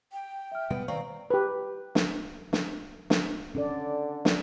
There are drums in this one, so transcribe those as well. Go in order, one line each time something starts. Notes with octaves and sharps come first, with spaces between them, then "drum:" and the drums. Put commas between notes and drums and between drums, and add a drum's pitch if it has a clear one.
G5
E5 F6
B2 G3 G#3 B3 D7
D#3 C4 D5 F5 A#5 C#6
G4 B4
drum: snare
drum: snare
drum: snare
D3 C#4 A4 D5
drum: snare